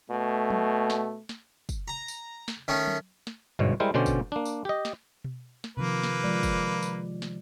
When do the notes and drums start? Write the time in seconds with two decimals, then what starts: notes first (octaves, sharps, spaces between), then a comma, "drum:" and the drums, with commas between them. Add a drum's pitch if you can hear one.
0.10 B2 A3
0.50 drum: tom F#3
0.90 drum: snare
1.29 drum: snare
1.69 drum: kick, tambourine
1.88 A#5
2.08 drum: tambourine
2.48 drum: snare
2.68 D#3 A3 C#4
2.87 drum: tom F#3
3.27 drum: snare
3.59 G1 G#2 B2 C#5
3.80 G3 G#3 E4 A#4 C5
3.94 B2 D3 C#4 C5 D5 G5
4.06 drum: kick, tambourine
4.32 A#3 D4
4.45 drum: tambourine
4.65 G4 D#5
4.85 drum: snare
5.24 drum: tom B2
5.64 drum: snare
5.77 C3 D#3 F3 A#3 B4
6.03 drum: snare
6.24 F3 G#3 D5
6.43 drum: kick, tambourine
6.83 drum: tambourine
7.22 drum: snare